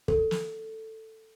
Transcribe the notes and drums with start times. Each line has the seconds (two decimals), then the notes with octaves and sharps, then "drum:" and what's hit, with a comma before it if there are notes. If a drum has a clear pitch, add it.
0.08 A4, drum: kick
0.31 drum: snare